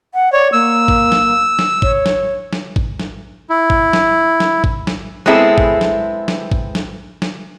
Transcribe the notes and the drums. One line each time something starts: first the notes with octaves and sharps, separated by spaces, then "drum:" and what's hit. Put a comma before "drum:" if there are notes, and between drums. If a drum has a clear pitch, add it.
F#5
C#5 D5
A#3 E6
drum: kick A1
drum: snare
drum: snare
C#5, drum: kick A1
drum: snare
drum: snare
drum: kick A1
drum: snare
E4
drum: kick A1
drum: snare
drum: snare
drum: kick A1
drum: snare
G#3 B3 C4 E4 G#4 A4
drum: kick A1
drum: snare
drum: snare
drum: kick A1
drum: snare
drum: snare